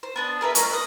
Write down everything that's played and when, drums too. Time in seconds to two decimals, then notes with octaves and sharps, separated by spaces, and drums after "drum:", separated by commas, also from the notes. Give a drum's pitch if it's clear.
0.03 C5
0.16 B3 D4 A5
0.41 G#4 A#4 B4 E5
0.55 C#4 A#4 C5, drum: hi-hat
0.70 B4 D#6